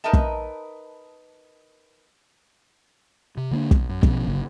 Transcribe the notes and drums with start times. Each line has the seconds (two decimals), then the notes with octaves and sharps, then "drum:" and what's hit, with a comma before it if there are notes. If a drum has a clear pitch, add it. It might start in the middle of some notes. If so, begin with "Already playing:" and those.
0.04 D#4 A#4 B4 D#5 E5 A5
0.13 drum: kick
3.37 C3
3.51 D3 A#3 C#4 D4
3.71 B1, drum: kick
3.89 F#2
4.03 B2 F3 B3 C#4, drum: kick
4.28 G1 C#3 F#3 A#3